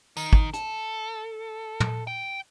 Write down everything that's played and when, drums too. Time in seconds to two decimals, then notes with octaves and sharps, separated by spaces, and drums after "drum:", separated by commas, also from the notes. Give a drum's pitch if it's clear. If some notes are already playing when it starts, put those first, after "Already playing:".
0.17 D#3, drum: tambourine
0.33 drum: kick
0.54 A4, drum: hi-hat
1.80 drum: tom
2.07 G5